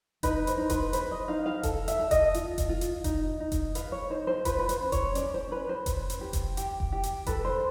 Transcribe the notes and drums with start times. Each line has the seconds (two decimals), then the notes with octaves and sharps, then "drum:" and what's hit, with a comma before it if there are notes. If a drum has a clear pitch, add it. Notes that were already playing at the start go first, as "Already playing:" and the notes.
0.23 D#4 B4, drum: kick F1, hi-hat
0.47 C5, drum: hi-hat
0.58 D#4
0.70 B4, drum: kick F1, hi-hat
0.93 B4 C5, drum: hi-hat
1.11 D#5
1.28 D#4 F5
1.46 F5
1.63 A4, drum: kick F1, hi-hat
1.88 E5, drum: hi-hat
1.99 A4
2.11 D#5, drum: kick F1, hi-hat
2.34 F4, drum: hi-hat
2.58 drum: kick F1, hi-hat
2.69 F4
2.81 drum: hi-hat
3.04 D#4, drum: kick F1, hi-hat
3.40 D#4
3.52 drum: kick F1, hi-hat
3.75 B4 F5, drum: hi-hat
3.92 C#5
4.10 D#4 C5
4.27 C5
4.45 F4 B4, drum: kick F1, hi-hat
4.59 B4
4.69 C5, drum: hi-hat
4.81 C#4
4.92 C#5, drum: kick F1, hi-hat
5.15 C#4 D5, drum: hi-hat
5.34 C5
5.51 C#4 B4
5.69 C5
5.86 B4, drum: kick F1, hi-hat
6.10 drum: hi-hat
6.21 G4
6.33 drum: kick F1, hi-hat
6.57 G4, drum: hi-hat
6.80 drum: kick F1
6.92 G4
7.03 drum: hi-hat
7.26 A4 B4, drum: kick F1, hi-hat
7.44 C5